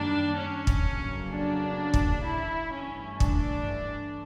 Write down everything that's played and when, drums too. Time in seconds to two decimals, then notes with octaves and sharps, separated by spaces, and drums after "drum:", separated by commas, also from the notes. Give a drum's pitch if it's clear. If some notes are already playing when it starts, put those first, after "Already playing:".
Already playing: F#2 D#3 G3 A#3 D4
0.36 C#4
0.67 drum: kick
0.83 F2 C#3 F#3 A#3
1.30 D4
1.94 drum: kick
2.25 E4
2.73 G2 E3 A3 C#4
3.20 D4, drum: kick